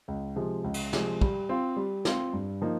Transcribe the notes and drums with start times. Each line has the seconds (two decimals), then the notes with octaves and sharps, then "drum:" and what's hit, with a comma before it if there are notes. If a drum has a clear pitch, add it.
0.08 C#2
0.36 C3 F3 G#3
0.64 C#2
0.74 drum: cymbal
0.93 C3 F3 G#3, drum: snare
1.21 G3, drum: kick
1.49 C4 F4
1.76 G3
2.05 C4 F4, drum: snare
2.33 G2
2.62 F3 A#3 D#4